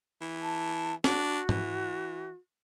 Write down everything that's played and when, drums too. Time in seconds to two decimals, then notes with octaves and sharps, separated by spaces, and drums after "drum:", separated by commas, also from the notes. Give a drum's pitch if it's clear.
0.21 E3
0.42 A5
1.04 D4 F#4, drum: snare
1.49 E3, drum: tom G#2